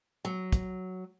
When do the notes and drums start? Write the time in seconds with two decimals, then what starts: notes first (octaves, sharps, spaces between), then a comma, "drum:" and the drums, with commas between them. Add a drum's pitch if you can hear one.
0.25 F#3
0.53 drum: kick, hi-hat